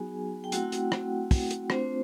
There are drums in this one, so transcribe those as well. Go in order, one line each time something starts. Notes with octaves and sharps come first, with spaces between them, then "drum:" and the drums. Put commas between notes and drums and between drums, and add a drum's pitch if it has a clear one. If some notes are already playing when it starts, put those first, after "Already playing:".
Already playing: F#3 B3 D#4 F#4 G#4 G#5
G5
A3 C4 E4 F#4 F#5, drum: hi-hat
drum: hi-hat
drum: rim click
drum: kick, open hi-hat
drum: hi-hat
A3 C4 D4 F4 C5, drum: rim click